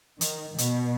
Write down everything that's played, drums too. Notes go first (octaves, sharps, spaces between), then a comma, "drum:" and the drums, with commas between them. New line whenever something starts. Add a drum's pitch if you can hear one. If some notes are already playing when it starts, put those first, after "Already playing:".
D#3, drum: hi-hat
B2, drum: hi-hat